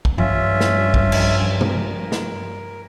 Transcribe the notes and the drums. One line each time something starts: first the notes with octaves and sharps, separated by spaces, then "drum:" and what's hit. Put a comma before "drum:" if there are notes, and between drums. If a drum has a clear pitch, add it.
drum: kick
G2 F3 G3 C#4 F4 E5, drum: tom G2
drum: snare
drum: kick
drum: cymbal
A#4, drum: tom
drum: snare